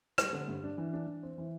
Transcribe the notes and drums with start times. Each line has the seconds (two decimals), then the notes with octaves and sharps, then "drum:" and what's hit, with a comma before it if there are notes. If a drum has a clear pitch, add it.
0.18 G3, drum: rim click
0.33 D3
0.48 G2
0.64 D4
0.78 E3
0.93 D4
1.07 E3
1.23 C4
1.38 E3